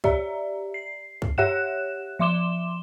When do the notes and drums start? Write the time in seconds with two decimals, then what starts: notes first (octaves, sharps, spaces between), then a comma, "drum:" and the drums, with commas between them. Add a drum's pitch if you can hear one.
0.04 G4 D5 E5 A#5, drum: kick
0.74 C7
1.22 drum: kick
1.38 G4 C#5 E5 F#5 F#6 E7, drum: tom F#2
2.19 F3 E5 C6 D6 E7 G7